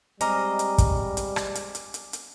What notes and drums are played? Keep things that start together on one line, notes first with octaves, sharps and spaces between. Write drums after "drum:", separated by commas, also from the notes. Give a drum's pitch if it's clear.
G3 G#3 C4 D#5 G#5 A#5 D6 F6, drum: hi-hat
drum: hi-hat
drum: kick, hi-hat
drum: hi-hat
drum: rim click
drum: hi-hat
drum: hi-hat
drum: hi-hat
drum: hi-hat